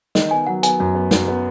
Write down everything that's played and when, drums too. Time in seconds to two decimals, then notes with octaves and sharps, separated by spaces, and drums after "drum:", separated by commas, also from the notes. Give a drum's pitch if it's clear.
0.15 D#3 D#5, drum: snare
0.31 B3 G#5
0.47 F#3 F#5
0.63 B3 G#5, drum: hi-hat
0.80 F#2
0.95 B3
1.11 F#2, drum: snare
1.28 B3